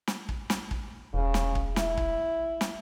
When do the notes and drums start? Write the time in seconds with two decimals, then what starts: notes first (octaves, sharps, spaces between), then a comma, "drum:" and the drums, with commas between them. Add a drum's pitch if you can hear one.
0.08 drum: snare
0.29 drum: kick
0.50 drum: snare
0.71 drum: kick
1.14 E1 C#3
1.34 drum: snare
1.55 drum: kick
1.76 E4, drum: snare
1.97 drum: kick
2.61 drum: snare